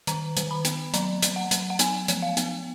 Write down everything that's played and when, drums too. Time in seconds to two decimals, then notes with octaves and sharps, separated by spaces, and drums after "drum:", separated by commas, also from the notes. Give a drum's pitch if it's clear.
0.07 D#3 A#5, drum: hi-hat
0.37 D#3, drum: hi-hat
0.51 B5
0.65 B3, drum: hi-hat
0.94 F#3 A#5, drum: hi-hat
1.22 F#3, drum: hi-hat
1.36 F#5
1.51 F#3, drum: hi-hat
1.70 F#5
1.79 B3 G#5, drum: hi-hat
2.08 F3, drum: hi-hat
2.22 F5
2.37 B3, drum: hi-hat